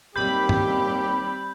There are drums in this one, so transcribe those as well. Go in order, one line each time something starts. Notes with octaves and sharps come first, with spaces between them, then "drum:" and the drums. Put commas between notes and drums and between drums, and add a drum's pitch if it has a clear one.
D#2 G3 C4 G4 B5 G6
drum: tom